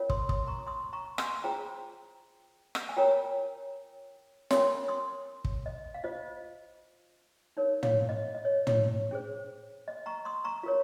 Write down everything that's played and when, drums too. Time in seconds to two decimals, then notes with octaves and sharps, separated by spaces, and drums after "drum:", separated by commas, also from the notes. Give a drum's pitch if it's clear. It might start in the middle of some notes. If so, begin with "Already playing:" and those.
Already playing: C#4 F4 A#4 C#5
0.10 C6 D#6, drum: kick
0.29 C6 D#6, drum: kick
0.47 A#5 C#6
0.67 C6 D#6
0.93 A#5 C#6
1.18 G#5 C6, drum: rim click
1.44 F4 G#4 C5 G5 A#5
2.75 drum: rim click
2.89 G#5
2.97 F4 A#4 C#5 G5 A#5
4.51 C#4 F4 A#4 C#5 G#5 C6, drum: snare
4.88 C6 D#6
5.45 drum: kick
5.66 D#5
5.94 F5
6.04 F4 C5 D#5
7.57 D#4 A#4 C#5
7.83 C#5 F5, drum: tom
8.09 D#5
8.35 D#5
8.45 C#5
8.67 C#5, drum: tom
9.11 C#4 G#4 C5
9.88 D#5
10.06 A#5 C#6
10.25 C6 D#6
10.45 A#5 C#6
10.63 F4 A#4 C#5